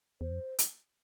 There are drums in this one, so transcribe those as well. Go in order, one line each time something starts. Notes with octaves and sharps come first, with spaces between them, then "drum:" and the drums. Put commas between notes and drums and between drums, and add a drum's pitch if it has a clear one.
E2 C5
F2
drum: hi-hat